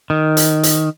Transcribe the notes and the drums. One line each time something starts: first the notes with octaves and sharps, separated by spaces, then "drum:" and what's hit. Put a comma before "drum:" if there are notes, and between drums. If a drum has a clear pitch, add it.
D#3
drum: hi-hat
drum: hi-hat